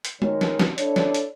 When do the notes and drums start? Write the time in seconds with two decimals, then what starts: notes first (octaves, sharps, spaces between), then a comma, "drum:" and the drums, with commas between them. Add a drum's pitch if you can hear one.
0.05 drum: hi-hat
0.22 D#3 G#3 A#4 C#5, drum: tom
0.41 drum: snare
0.60 drum: snare
0.78 D4 E4 A4 C#5 D5, drum: hi-hat
0.96 drum: snare
1.14 drum: hi-hat